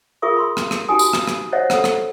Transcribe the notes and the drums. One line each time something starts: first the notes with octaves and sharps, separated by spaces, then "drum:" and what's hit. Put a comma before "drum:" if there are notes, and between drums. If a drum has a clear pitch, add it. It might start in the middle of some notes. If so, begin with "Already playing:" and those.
F4 G#4 A#4 E5 C#6 D#6
B5 C6 E6
drum: rim click
drum: rim click
D#4 F#4 G4 G#5 D#6
drum: tambourine
drum: rim click
drum: rim click
C5 C#5 D#5 E5 F#5
A4 F#5, drum: rim click
drum: rim click